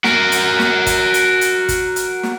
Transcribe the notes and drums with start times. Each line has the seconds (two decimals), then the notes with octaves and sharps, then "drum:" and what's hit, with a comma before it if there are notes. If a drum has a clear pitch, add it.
0.04 F#4 A#4, drum: snare
0.32 drum: hi-hat
0.59 drum: snare
0.86 drum: kick, hi-hat
1.14 drum: hi-hat
1.41 drum: hi-hat
1.69 drum: kick, hi-hat
1.96 drum: hi-hat
2.23 drum: snare